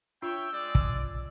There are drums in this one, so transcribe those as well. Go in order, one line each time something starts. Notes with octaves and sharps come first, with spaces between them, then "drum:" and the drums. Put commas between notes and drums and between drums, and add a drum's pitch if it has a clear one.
D4 F4 C#5 E5 G5 E6
G#3 D5
drum: kick